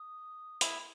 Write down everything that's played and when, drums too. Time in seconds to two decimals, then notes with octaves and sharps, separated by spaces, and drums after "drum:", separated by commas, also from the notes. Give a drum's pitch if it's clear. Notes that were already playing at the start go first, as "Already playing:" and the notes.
Already playing: D#6
0.61 E4, drum: hi-hat